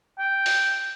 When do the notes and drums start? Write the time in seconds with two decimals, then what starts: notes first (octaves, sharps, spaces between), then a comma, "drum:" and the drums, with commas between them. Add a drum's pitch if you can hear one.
0.19 G5
0.46 drum: open hi-hat